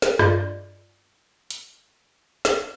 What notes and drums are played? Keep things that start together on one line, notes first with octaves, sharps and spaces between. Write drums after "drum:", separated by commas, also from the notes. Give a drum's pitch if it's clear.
drum: snare
G2 F4 D5 D#5, drum: rim click
drum: hi-hat
drum: snare